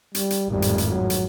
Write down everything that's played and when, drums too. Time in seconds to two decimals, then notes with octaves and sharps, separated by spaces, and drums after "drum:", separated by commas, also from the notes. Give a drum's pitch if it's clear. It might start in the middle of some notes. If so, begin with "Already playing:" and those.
0.15 G3, drum: hi-hat
0.30 drum: hi-hat
0.52 G#1 F2 A2 G3
0.62 drum: hi-hat
0.78 drum: hi-hat
0.89 F#3
1.10 drum: hi-hat